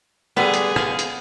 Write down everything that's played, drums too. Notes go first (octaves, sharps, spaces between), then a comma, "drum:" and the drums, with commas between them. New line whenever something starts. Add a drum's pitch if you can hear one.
D3 G3 B3 G#4
drum: hi-hat
F5, drum: rim click
drum: hi-hat